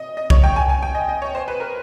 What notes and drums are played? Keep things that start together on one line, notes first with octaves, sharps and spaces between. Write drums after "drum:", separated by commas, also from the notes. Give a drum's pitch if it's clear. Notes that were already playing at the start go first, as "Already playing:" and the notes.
Already playing: D#5
D#5
C#5, drum: kick C2
G5
G#5
G#5
G5
D#5
D#5
C#5
C5
B4
A#4